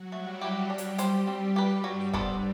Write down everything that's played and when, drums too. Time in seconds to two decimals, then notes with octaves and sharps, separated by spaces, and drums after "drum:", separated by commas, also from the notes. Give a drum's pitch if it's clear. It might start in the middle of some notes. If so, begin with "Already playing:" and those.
Already playing: F#3 F#4
0.12 G3 A3 G4
0.41 E4 G4
0.69 G3 D4 G4
0.78 drum: hi-hat
0.98 G4 C5, drum: hi-hat
1.27 C4
1.56 G4 B4
1.84 G2 F#3 G3
2.13 B3 D4 A4 C5, drum: kick